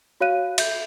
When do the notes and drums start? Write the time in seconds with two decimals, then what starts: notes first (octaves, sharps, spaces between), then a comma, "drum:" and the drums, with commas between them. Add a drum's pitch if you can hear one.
0.21 F#4 C#5 F5 F#6 D#7
0.58 E5 G6, drum: cymbal